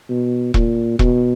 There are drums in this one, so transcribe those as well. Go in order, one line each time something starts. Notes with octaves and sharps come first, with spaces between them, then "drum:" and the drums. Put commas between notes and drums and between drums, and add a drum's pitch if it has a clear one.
B2
A#2, drum: kick E1
B2, drum: kick E1